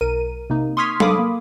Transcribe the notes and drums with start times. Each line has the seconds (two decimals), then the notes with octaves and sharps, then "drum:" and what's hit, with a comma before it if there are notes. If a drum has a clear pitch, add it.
0.01 B1 A#4 D#7
0.50 C3 A#3 D#4
0.77 C6 C#6 D#6 F6 G#6 B6
1.00 A4 F5 B5 D6 D#6, drum: tom F#3
1.19 A#3